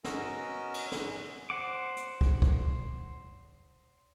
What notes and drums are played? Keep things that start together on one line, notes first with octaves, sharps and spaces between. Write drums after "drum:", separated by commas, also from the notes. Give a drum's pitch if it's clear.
B3 C#4 F#4 A#4 D#5 E6, drum: snare
drum: cymbal
drum: snare
C5 F#5 D6
drum: hi-hat
drum: kick
drum: kick